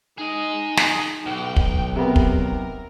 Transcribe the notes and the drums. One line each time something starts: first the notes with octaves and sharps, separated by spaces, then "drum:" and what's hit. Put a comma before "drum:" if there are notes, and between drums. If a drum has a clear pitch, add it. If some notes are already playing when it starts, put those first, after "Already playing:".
D#4 G#4 D#5
drum: snare
B1 G5
drum: kick
C3 B3 A#4
drum: kick